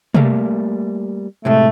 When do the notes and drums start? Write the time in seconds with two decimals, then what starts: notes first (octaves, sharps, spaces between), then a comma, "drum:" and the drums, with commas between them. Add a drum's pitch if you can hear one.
0.14 G3 A3 A#3, drum: tom C3
1.45 A2 C3 G#3 A3